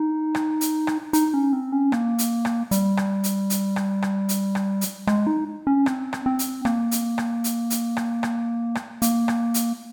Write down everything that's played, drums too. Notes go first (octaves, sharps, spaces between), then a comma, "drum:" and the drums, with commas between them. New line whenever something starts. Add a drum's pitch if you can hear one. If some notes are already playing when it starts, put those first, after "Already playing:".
Already playing: D#4
drum: rim click
drum: hi-hat
drum: rim click
D#4, drum: hi-hat
C#4
C4
C#4
A#3, drum: rim click
drum: hi-hat
drum: rim click
G3, drum: hi-hat
drum: rim click
drum: hi-hat
drum: hi-hat
drum: rim click
drum: rim click
drum: hi-hat
drum: rim click
drum: hi-hat
G#3, drum: rim click
D#4
C#4
C4, drum: rim click
drum: rim click
C4
drum: hi-hat
A#3, drum: rim click
drum: hi-hat
drum: rim click
drum: hi-hat
drum: hi-hat
drum: rim click
drum: rim click
drum: rim click
A#3, drum: hi-hat
drum: rim click
drum: hi-hat